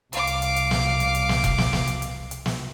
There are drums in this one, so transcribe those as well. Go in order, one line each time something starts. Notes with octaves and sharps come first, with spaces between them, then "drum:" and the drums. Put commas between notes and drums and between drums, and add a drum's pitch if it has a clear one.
C2 F5 D6, drum: hi-hat
drum: hi-hat
drum: hi-hat
drum: hi-hat
drum: snare
drum: hi-hat
drum: hi-hat
drum: snare
drum: kick E1, hi-hat
drum: snare
drum: snare
drum: hi-hat
drum: hi-hat
drum: hi-hat
drum: snare